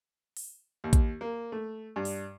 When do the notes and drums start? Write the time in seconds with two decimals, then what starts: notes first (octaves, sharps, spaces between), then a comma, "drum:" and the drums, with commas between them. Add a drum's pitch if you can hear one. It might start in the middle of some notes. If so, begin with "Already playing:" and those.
0.37 drum: open hi-hat
0.84 D#2
0.93 drum: kick A1, hi-hat
1.21 A#3
1.52 A3
1.96 G2
2.05 drum: open hi-hat